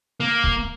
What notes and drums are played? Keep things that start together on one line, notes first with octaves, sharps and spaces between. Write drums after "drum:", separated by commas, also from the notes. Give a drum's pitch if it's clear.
A#3
drum: kick